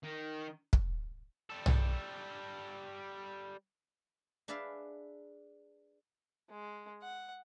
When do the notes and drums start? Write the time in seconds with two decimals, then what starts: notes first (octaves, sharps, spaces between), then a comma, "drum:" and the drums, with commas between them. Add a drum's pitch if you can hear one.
0.03 D#3
0.73 drum: kick
1.50 G3 A4
1.66 drum: tom B1
4.48 D4 G#4 B4 D5 E5 F5
6.50 G#3
7.03 F#5